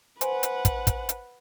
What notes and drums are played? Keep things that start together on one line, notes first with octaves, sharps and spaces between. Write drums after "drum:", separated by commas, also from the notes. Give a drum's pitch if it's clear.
B4 C5 F#5 G#5 C6, drum: hi-hat
drum: hi-hat
drum: kick, hi-hat
drum: kick, hi-hat
drum: hi-hat